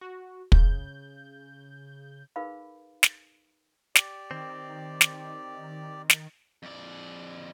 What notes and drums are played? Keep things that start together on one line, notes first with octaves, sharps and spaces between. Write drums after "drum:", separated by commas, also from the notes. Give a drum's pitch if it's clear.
F#4
C#3 G6, drum: kick
D#4 G#4 A#4 B4 F5 B5
drum: snare
G4 D5, drum: snare
D#3 C4
drum: snare
drum: snare
F2 D5